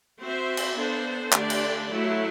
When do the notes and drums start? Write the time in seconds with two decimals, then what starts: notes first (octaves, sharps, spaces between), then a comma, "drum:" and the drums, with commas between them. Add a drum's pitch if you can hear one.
0.19 C4 F#4 C5 E5
0.57 drum: cymbal
0.76 B3 D4 A4 C5
1.32 D3 A3 D4 G4 D5, drum: clap
1.50 drum: cymbal
1.90 F#3 A3 E4